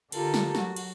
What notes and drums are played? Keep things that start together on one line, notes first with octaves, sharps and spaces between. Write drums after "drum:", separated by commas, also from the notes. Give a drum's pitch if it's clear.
D3 F4 G4 A4 A#4, drum: cymbal
drum: snare
F#3 F#4, drum: snare
drum: cymbal